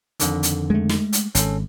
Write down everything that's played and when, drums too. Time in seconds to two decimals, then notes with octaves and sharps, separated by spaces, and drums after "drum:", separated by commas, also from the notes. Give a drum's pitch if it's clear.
0.20 F2 D3 D#3, drum: hi-hat
0.43 drum: hi-hat
0.70 G#3 A3
0.89 drum: snare
1.13 drum: hi-hat
1.35 G#1 C#4 A4, drum: hi-hat